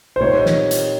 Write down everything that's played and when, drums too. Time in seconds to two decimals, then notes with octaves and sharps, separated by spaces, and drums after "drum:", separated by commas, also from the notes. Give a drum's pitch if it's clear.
0.16 C5
0.20 A#2 G3 C4 D#4 C#5
0.46 drum: snare
0.71 drum: hi-hat